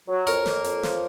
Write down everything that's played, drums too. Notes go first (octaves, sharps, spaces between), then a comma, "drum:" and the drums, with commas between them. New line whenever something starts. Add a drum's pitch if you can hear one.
F#3
F2 A#4 C#5, drum: hi-hat
A#3, drum: snare
F2, drum: hi-hat
F3, drum: snare